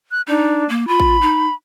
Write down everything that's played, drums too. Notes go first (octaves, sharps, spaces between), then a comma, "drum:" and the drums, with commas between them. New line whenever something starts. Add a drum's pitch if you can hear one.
F#6
D4 D#4
A#3
F4 B5
drum: kick A1
D#4